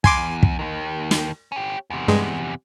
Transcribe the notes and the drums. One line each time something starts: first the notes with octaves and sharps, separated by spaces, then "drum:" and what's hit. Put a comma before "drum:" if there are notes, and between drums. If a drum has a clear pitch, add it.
E2 G#5 C6 D6, drum: kick
drum: kick
D#2 D#3
drum: snare
C#4 G4
E2 C3
G2 G#3